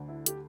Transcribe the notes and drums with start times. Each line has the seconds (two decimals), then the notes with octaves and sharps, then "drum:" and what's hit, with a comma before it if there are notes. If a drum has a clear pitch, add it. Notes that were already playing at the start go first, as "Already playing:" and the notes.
Already playing: D2 D3
0.08 E4
0.26 G4, drum: hi-hat